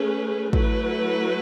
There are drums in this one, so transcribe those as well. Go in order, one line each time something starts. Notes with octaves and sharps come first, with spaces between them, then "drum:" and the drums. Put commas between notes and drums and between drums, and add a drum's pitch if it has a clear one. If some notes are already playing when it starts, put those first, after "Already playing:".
Already playing: A3 C#4 G#4 B4
F#3 A3 E4 B4, drum: kick